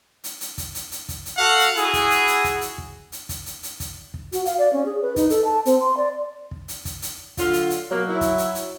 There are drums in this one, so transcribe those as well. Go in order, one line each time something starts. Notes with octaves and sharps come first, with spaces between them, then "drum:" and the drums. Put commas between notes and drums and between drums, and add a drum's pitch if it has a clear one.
drum: hi-hat
drum: hi-hat
drum: kick, hi-hat
drum: hi-hat
drum: hi-hat
drum: kick, hi-hat
drum: hi-hat
F#4 A4 F5 F#5
drum: hi-hat
E4 F#4 G#4, drum: hi-hat
drum: kick, hi-hat
drum: hi-hat
drum: hi-hat
drum: kick, hi-hat
drum: hi-hat
drum: kick
drum: hi-hat
drum: kick, hi-hat
drum: hi-hat
drum: hi-hat
drum: kick, hi-hat
drum: kick
F#4, drum: hi-hat
F5, drum: hi-hat
D5
C#4
G#4
B4
D#4, drum: kick, hi-hat
A4, drum: hi-hat
A5
C4, drum: hi-hat
C6
D5
drum: kick
drum: hi-hat
drum: kick, hi-hat
drum: hi-hat
D3 F#3 F4, drum: kick, hi-hat
drum: hi-hat
drum: hi-hat
B2 F#3 A#3
E4
drum: kick, hi-hat
drum: hi-hat
drum: hi-hat